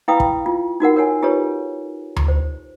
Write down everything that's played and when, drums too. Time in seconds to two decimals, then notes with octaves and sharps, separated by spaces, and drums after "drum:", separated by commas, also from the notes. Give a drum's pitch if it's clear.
0.08 E4 B4 F5 G5 B5 D#6
0.20 drum: kick
0.46 F4
0.80 D#4 F#4 A#4 F#5
0.96 A#4 C#5 F#5 G#5
1.22 F4 G4 A4 B4 C#5
2.16 drum: tom D2
2.28 C5